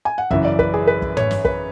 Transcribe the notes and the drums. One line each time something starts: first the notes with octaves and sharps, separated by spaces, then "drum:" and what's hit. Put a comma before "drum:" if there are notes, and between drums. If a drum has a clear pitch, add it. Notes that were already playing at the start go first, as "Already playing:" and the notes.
G#5
F#5
F#2 C#3 E3 E5, drum: kick
D5
B4, drum: kick
G#4
B4
drum: kick
C#5, drum: tom
drum: snare
B4, drum: kick